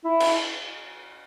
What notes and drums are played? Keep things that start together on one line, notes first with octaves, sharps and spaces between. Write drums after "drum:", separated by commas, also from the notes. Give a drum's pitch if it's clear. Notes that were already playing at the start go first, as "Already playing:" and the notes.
E4
drum: cymbal